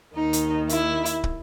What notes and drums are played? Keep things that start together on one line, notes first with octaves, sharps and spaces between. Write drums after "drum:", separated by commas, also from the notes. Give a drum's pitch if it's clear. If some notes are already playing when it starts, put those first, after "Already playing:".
D#2 D#3 D#4
drum: hi-hat
E4, drum: hi-hat
drum: hi-hat
drum: kick